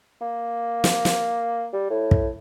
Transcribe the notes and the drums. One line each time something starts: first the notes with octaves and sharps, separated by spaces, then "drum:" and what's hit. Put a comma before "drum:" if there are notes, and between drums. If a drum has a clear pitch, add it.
A#3
drum: snare
drum: snare
G3
A2
drum: kick